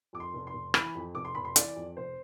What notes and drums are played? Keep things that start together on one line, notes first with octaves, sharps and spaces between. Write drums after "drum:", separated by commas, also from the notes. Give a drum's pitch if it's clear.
F2 D6
C6
F1
C6
F1
E3 B5, drum: rim click
F2
F1 D6
C6
F1 B5
C6
E3 D5, drum: hi-hat
F2
F1 C5